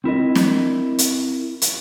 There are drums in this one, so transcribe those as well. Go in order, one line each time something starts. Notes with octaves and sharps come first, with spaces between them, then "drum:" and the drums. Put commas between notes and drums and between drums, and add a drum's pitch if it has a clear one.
C4 E4 A#4 D#5
drum: snare
drum: hi-hat
drum: hi-hat